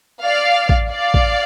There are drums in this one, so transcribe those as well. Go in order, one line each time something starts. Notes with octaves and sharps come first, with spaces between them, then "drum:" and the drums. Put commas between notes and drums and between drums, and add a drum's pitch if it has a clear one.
D5 F5
drum: kick
D5 F5
drum: kick